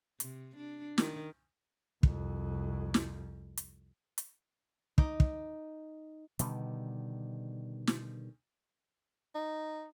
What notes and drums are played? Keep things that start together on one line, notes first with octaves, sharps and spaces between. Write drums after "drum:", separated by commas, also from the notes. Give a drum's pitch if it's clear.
C3, drum: hi-hat
D4
D#3, drum: snare
C2 F2, drum: kick
drum: snare
drum: hi-hat
drum: hi-hat
D#4 D6, drum: kick
drum: kick
B2 D3 D#3 G3, drum: hi-hat
drum: snare
D#4